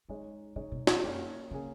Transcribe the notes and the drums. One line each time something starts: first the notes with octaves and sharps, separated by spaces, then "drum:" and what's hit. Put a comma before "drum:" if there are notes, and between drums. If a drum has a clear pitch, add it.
D#3 G#3 D#4 G#4 C#5
C#3 G#3 D#4 G#4 C#5
B2
A#2, drum: snare
F#2 A#3 C#4 G#4
C#3 A#3 C#4 G#4